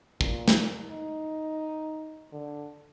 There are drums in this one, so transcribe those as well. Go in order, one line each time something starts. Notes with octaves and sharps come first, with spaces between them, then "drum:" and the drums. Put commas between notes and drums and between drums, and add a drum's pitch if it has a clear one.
A#2, drum: kick
drum: snare
D#4
D3